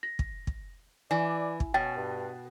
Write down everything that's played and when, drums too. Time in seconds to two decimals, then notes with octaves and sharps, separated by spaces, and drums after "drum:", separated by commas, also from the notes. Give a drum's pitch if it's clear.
0.03 A#6
0.19 drum: kick
0.47 drum: kick
1.11 E3 D5 G#5
1.60 drum: kick
1.74 B2 C#4 G5 A6
1.96 G2